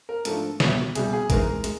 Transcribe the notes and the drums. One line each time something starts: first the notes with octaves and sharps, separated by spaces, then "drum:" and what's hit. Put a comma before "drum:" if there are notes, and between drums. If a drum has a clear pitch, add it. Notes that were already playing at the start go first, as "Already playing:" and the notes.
A#4
G#2 F3 A3 D4 A4, drum: hi-hat
C2 B2 G3, drum: snare
C2 B2 G3 G#4, drum: hi-hat
G#4
G#2 E3 G#3 A#4, drum: kick, hi-hat
G#3, drum: hi-hat